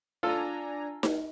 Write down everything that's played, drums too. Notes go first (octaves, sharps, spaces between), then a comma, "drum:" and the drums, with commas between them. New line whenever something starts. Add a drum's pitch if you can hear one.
D4 F4 A4 G#5 A#5
drum: snare D#4